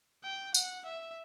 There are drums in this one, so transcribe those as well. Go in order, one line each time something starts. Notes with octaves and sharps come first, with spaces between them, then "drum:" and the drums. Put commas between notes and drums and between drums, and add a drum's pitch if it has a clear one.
G5
F#5, drum: tambourine
E5